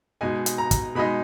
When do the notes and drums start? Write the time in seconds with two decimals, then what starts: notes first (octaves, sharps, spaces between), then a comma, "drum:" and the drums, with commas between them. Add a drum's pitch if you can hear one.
0.21 B2 G#3 D#4 G#5
0.46 drum: hi-hat
0.58 A#5
0.71 drum: kick, hi-hat
0.95 B2 G#3 D#4 B5